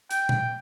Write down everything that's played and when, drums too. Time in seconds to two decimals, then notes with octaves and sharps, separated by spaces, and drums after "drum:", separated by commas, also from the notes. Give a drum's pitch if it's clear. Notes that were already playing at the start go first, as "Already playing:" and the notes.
0.11 G5, drum: hi-hat
0.29 drum: tom A#2